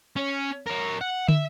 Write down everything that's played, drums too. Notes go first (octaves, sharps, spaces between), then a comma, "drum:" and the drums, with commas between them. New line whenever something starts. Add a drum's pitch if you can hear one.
C#4
A#4 C#5
F#5
E5, drum: tom